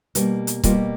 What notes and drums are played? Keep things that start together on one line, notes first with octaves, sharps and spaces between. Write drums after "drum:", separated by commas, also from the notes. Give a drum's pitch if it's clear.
B2 G3 A#3, drum: hi-hat
drum: hi-hat
B2 G3 A#3 F4 G4, drum: kick C#1, hi-hat